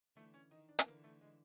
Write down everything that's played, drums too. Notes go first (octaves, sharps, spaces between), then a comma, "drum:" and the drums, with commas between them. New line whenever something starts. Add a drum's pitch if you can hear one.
D3 E3 A3
C#4
D#3 D#4
D4
B3, drum: hi-hat
D3 E3 A#3
A3
G#3